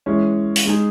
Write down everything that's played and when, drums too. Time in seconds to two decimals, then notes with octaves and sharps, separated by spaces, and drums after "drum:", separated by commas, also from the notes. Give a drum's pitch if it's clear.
0.06 E3 G#3 C#4
0.56 drum: open hi-hat
0.66 G#3 D#4 G#4